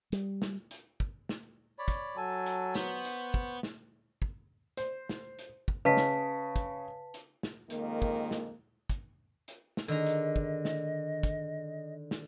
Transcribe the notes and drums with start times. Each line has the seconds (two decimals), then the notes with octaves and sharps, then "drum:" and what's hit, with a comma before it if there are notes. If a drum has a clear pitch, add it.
0.12 G3, drum: hi-hat
0.42 drum: snare
0.71 drum: hi-hat
1.00 drum: kick
1.29 drum: snare
1.79 C#5 D5 B5
1.88 drum: kick, hi-hat
2.17 F#3 A4 G#5 A5
2.46 drum: hi-hat
2.75 B3 C5 C#6, drum: snare
3.05 drum: hi-hat
3.34 drum: kick
3.63 drum: snare
4.22 drum: kick
4.77 C5, drum: hi-hat
5.09 drum: snare
5.39 drum: hi-hat
5.68 drum: kick
5.85 C#3 B4 D#5 A5 B6
5.97 drum: snare
6.56 drum: kick, hi-hat
7.14 drum: hi-hat
7.43 drum: snare
7.70 F2 D#3 G#3 A#3, drum: hi-hat
8.02 drum: kick
8.31 drum: snare
8.90 drum: kick, hi-hat
9.48 drum: hi-hat
9.77 drum: snare
9.88 D3 D#3 D#4 G#4 D#5 A#5
10.06 drum: hi-hat
10.36 drum: kick
10.65 drum: snare
11.23 drum: kick, hi-hat
12.11 drum: snare